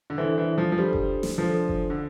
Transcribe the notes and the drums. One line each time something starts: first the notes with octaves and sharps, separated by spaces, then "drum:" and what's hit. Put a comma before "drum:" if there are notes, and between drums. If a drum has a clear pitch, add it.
D3
E3 D4 A4 C5
E3
F3
F3
G3 D4 A4 C5
drum: kick F#1
drum: snare
F3 D4 A4 C5
drum: kick F#1
D3